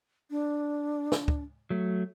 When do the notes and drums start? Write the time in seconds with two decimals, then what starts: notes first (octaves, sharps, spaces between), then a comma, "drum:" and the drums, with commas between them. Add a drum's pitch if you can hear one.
0.30 D4
1.12 drum: snare
1.28 drum: kick
1.70 F#3 A3